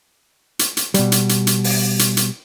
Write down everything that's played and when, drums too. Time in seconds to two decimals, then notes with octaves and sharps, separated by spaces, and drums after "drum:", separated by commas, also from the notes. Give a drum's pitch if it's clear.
0.59 drum: hi-hat
0.77 drum: hi-hat
0.94 B2 G3, drum: hi-hat
1.12 drum: hi-hat
1.29 drum: hi-hat
1.47 drum: hi-hat
1.64 drum: open hi-hat
1.99 drum: hi-hat
2.17 drum: hi-hat